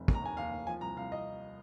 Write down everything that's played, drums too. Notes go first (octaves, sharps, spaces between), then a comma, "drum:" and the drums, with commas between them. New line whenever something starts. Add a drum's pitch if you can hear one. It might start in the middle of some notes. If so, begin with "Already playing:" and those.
Already playing: F1
D#2, drum: kick
A#5
D#2 G#5
D#2 F5
D#2
F3 G#5
C2 A#5
C2 F5
D#5